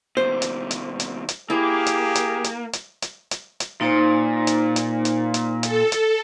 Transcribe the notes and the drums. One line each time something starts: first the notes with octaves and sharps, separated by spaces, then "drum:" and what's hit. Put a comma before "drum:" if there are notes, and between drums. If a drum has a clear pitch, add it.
D#2 B2 C5
drum: hi-hat
drum: hi-hat
drum: hi-hat
drum: hi-hat
A#3 E4 G4 G#4
drum: hi-hat
drum: hi-hat
drum: hi-hat
drum: hi-hat
drum: hi-hat
drum: hi-hat
drum: hi-hat
A#2 D#4 C5
drum: hi-hat
drum: hi-hat
drum: hi-hat
drum: hi-hat
A4, drum: hi-hat
drum: hi-hat